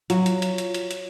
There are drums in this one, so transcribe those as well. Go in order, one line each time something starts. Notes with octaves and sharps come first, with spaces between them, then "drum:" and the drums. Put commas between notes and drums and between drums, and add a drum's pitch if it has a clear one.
F#3 F4, drum: hi-hat
drum: hi-hat
drum: hi-hat
drum: hi-hat
drum: hi-hat
drum: hi-hat